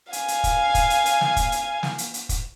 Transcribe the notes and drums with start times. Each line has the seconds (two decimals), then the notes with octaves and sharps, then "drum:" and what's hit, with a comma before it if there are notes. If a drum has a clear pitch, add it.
0.13 F5 G#5, drum: hi-hat
0.28 drum: hi-hat
0.44 drum: kick, hi-hat
0.75 drum: kick, hi-hat
0.90 drum: hi-hat
1.06 drum: hi-hat
1.21 drum: snare
1.36 drum: kick, hi-hat
1.52 drum: hi-hat
1.83 drum: snare
1.98 drum: hi-hat
2.14 drum: hi-hat
2.29 drum: kick, hi-hat